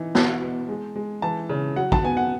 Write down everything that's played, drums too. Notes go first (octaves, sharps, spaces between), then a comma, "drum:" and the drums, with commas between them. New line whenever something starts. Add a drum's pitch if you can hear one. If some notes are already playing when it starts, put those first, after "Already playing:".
Already playing: E3 D#4
B2 A5, drum: snare
B3
G#3
G#3
E3 A5
C#3
F#3 F#5
A5, drum: kick
B3 G#5
F#5